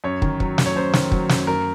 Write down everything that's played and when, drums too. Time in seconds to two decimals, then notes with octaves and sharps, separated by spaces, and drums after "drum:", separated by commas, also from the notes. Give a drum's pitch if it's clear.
0.04 F#2 C#5
0.22 D#3, drum: kick
0.40 F#3, drum: kick
0.58 F#2, drum: snare
0.66 C#5
0.76 F#2 C5
0.93 D#3, drum: snare
1.12 F#3, drum: kick
1.29 F#2, drum: snare
1.47 F#2 A#4